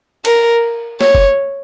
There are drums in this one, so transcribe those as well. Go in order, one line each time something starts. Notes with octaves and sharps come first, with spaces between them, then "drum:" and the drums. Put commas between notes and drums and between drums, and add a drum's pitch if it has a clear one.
A#4, drum: cymbal
C#5, drum: snare
drum: kick F#1